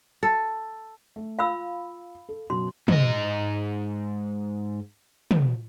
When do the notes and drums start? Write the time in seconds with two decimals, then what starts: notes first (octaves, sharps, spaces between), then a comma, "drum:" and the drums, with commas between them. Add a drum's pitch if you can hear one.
0.23 A4
1.16 A3
1.39 F4 F5 B5 E6
2.29 A4
2.50 F#2 B2 C6
2.88 G#2 D#5, drum: tom
5.31 drum: tom